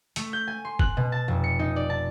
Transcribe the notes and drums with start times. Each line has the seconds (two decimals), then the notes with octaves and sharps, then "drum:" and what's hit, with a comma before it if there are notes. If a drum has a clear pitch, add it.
0.16 A3, drum: hi-hat
0.33 G6
0.48 G#5
0.65 C6
0.79 F#6, drum: kick F#1
0.97 B2
1.12 A5
1.28 F1
1.44 C#7
1.59 D#4
1.76 D5
1.90 A5